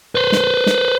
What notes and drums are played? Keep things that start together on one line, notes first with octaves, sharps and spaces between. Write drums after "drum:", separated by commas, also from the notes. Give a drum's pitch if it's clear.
B4 C5
drum: snare
drum: snare